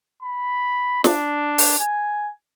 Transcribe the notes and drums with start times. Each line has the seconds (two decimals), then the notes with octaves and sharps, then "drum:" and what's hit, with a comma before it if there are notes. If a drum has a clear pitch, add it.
0.23 B5
1.04 D4, drum: snare
1.58 drum: open hi-hat
1.79 G#5